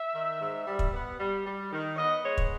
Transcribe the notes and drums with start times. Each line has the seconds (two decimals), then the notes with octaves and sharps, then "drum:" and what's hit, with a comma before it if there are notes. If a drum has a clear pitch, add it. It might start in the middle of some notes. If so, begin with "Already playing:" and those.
Already playing: E5
0.13 D#3
0.40 G#2
0.66 G3
0.79 drum: kick
0.93 B3
1.19 G3
1.45 G3
1.72 D#3
1.94 C#5
1.98 B3 D#5
2.24 G#3 C#5
2.38 drum: kick